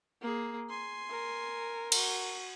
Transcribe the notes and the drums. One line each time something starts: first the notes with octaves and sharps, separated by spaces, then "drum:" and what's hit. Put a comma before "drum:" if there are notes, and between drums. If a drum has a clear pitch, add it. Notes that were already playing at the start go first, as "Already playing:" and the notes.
A#3 G#4
G#5 C6
A#4
F#4, drum: cymbal